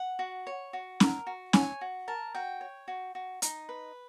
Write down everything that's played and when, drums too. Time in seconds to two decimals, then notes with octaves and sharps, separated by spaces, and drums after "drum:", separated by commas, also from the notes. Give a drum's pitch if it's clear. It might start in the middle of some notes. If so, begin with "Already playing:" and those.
Already playing: F#5
0.19 F#4
0.47 C#5
0.73 F#4
1.00 A#4, drum: snare
1.27 F#4
1.53 C#5 G#5, drum: snare
1.81 F#4
2.08 A#4 A5
2.35 F#4 G5
2.61 C#5
2.88 F#4
3.15 F#4
3.42 D#4, drum: hi-hat
3.69 B4